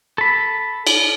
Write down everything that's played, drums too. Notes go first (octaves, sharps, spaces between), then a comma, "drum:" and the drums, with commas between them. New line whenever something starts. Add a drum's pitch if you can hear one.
A4 B5
drum: cymbal